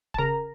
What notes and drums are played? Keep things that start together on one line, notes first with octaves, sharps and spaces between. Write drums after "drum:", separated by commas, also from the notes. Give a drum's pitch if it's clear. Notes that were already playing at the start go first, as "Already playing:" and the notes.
A5, drum: kick
C#3 A#4 A#5